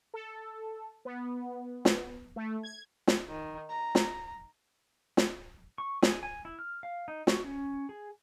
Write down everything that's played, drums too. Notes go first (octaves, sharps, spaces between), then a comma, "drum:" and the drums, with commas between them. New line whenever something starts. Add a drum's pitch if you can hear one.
A4
B3
drum: snare
A3
G#6
drum: snare
D#3
A#5
drum: snare
drum: snare
C#6
G#4, drum: snare
G#5
E4
F6
F5
D#4
F#4, drum: snare
C#4
G#4